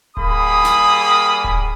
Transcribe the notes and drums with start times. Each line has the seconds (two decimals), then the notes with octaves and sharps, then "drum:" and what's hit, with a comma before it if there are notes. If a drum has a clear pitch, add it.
0.17 G3 A#3 G#4 B5 D#6, drum: kick D1
0.65 drum: snare
1.44 drum: kick D1